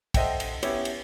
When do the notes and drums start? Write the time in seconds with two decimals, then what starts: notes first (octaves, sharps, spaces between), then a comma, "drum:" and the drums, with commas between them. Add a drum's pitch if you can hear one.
0.14 A4 C5 D#5 E5 F#5 G5, drum: kick, cymbal
0.40 drum: cymbal
0.63 B3 C#4 E4 G4 C#5, drum: cymbal
0.85 drum: cymbal